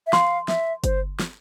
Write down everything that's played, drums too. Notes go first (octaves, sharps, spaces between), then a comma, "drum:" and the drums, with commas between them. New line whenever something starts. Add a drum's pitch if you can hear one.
E5
F5 C6, drum: snare
E5, drum: snare
C5, drum: kick G1, hi-hat
drum: snare